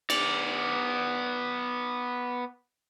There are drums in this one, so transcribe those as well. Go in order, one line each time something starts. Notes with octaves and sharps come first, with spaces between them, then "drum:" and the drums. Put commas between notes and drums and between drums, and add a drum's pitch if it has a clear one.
B3 D5, drum: cymbal